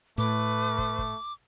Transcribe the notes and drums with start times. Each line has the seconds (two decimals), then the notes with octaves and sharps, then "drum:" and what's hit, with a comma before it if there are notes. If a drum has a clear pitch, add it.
0.18 A2 A3 B4 D6
0.78 drum: kick
0.98 drum: kick